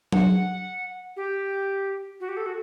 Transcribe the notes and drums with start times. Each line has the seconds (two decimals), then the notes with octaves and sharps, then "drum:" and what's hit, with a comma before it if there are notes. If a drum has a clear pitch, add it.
0.12 F#5, drum: tom F#3
1.17 G4
2.20 F#4
2.29 G4
2.37 A4
2.46 F#4